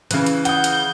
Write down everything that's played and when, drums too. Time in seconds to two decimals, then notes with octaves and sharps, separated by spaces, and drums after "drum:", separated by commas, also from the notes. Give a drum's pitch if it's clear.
0.11 C#3 E3 B4, drum: hi-hat
0.26 drum: hi-hat
0.45 F#5 D#6 G6, drum: hi-hat
0.64 drum: hi-hat